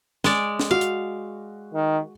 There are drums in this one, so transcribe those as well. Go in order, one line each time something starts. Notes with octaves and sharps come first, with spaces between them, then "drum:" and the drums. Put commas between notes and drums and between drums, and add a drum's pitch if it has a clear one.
G#3 D5, drum: snare
drum: snare
F#4 F5
drum: hi-hat
D#3